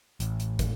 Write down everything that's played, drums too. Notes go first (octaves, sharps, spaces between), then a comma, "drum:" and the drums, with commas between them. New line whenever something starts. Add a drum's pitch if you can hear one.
A1 A2, drum: hi-hat
drum: hi-hat
drum: kick, hi-hat